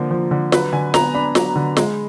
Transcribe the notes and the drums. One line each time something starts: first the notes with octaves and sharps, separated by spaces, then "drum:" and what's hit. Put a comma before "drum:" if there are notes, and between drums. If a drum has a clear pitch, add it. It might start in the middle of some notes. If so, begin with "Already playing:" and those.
Already playing: D3 F3 A#3
F3
D3
F#3 B4, drum: snare
D3 G#5
B3 A#5, drum: snare
D4 B5
F#3, drum: snare
D3
G#3, drum: snare